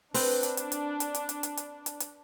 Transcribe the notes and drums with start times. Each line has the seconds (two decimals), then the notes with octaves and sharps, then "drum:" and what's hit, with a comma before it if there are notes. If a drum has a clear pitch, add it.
0.14 C4 D4 B4, drum: open hi-hat
0.43 drum: hi-hat
0.57 drum: hi-hat
0.72 drum: hi-hat
1.00 drum: hi-hat
1.15 drum: hi-hat
1.29 drum: hi-hat
1.43 drum: hi-hat
1.57 drum: hi-hat
1.86 drum: hi-hat
2.00 drum: hi-hat